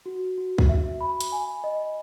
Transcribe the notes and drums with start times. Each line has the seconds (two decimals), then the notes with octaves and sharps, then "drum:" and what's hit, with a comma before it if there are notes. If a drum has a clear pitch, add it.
0.06 F#4
0.38 F#4
0.58 drum: kick
0.69 E5
1.01 B5
1.21 drum: hi-hat
1.32 G#5
1.64 D#5